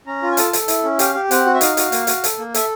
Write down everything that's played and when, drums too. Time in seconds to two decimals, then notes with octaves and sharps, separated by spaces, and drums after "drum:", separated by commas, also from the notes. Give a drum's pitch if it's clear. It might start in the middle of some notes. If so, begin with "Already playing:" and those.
0.06 C#4 A#5
0.22 F4
0.32 G#5
0.37 A4 A5, drum: hi-hat
0.53 A4, drum: hi-hat
0.68 E4, drum: hi-hat
0.84 C#4
0.99 G4 F5, drum: hi-hat
1.15 G4
1.31 C4 F#5, drum: hi-hat
1.46 F#4
1.55 E5
1.61 D#4 F5, drum: hi-hat
1.77 F#4, drum: hi-hat
1.92 A#3, drum: hi-hat
2.07 F#4, drum: hi-hat
2.24 A4, drum: hi-hat
2.38 A#3
2.54 A4 E5, drum: hi-hat